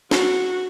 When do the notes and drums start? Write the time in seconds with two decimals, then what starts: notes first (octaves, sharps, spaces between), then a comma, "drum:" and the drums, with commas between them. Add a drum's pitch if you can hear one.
0.11 F#4, drum: snare